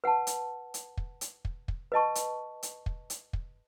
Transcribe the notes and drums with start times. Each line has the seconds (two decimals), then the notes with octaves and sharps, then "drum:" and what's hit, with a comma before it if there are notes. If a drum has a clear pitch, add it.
0.04 B4 F#5 A5
0.27 drum: hi-hat
0.74 drum: hi-hat
0.97 drum: kick
1.21 drum: hi-hat
1.45 drum: kick
1.68 drum: kick
1.92 B4 D#5 A5 C#6
2.15 drum: hi-hat
2.63 drum: hi-hat
2.86 drum: kick
3.10 drum: hi-hat
3.33 drum: kick